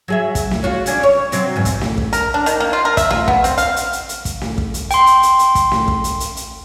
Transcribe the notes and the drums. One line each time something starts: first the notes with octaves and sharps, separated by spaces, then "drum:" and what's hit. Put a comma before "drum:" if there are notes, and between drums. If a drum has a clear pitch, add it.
F#3 G#4 E5
drum: kick, hi-hat
drum: snare
F4 F#4 C#5
C3 C#4 D4, drum: hi-hat
C#5
C3 F#3 C4, drum: hi-hat
E2 G#2
drum: kick, hi-hat
drum: snare
drum: kick
A#4, drum: hi-hat
D4
D#3, drum: hi-hat
A#3
F4
A#4
E5, drum: kick, hi-hat
F4, drum: snare
B3, drum: kick
C4, drum: hi-hat
F5, drum: hi-hat
drum: hi-hat
drum: hi-hat
drum: hi-hat
drum: kick, hi-hat
drum: snare
drum: kick
drum: hi-hat
G5 C6, drum: hi-hat
drum: hi-hat
drum: hi-hat
drum: hi-hat
drum: kick, hi-hat
drum: snare
drum: kick
drum: hi-hat
drum: hi-hat
drum: hi-hat